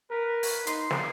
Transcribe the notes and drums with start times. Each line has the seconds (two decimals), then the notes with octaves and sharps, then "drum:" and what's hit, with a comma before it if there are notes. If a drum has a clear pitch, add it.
0.11 A#4 B4
0.43 drum: open hi-hat
0.67 D#4 C6, drum: hi-hat
0.91 drum: snare